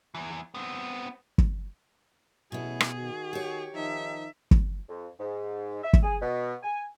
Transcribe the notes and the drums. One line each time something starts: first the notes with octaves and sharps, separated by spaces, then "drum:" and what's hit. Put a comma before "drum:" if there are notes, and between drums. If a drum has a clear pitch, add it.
E2 E3
B3 C4
drum: kick
A1 B2 F#3 B3 E4 G#4
drum: rim click
D#3 F#4
G4 C#5
D#3 F3 D#4 E5
drum: kick
F2
G#2
E5
drum: kick
G#4
B2
G#5